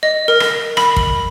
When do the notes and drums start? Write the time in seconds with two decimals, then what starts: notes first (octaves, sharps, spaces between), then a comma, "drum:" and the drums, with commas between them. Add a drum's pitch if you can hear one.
0.03 D#5
0.28 A#4
0.40 drum: rim click
0.77 B5, drum: rim click
0.96 drum: kick